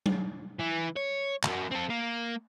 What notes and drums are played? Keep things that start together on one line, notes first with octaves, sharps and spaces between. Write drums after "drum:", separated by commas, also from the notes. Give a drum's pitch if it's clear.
drum: tom F#3
E3
C#5
C#2 F#2, drum: clap
C4 A4
A#3